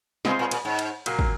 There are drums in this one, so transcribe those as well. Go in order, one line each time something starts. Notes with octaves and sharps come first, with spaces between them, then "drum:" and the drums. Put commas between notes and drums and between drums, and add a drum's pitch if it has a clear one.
A#2 G#3 C4 F4 G#4 C5, drum: snare
A#2
A#2, drum: cymbal
G#2
drum: cymbal
A#2 F#3 A#3, drum: cymbal
drum: kick